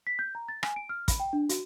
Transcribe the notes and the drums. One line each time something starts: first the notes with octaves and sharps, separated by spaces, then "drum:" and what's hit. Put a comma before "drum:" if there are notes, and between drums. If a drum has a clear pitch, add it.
B6
G6
A#5
A6
G#5, drum: rim click
D7
F6
B5, drum: kick, hi-hat
G5
D4
F#4, drum: hi-hat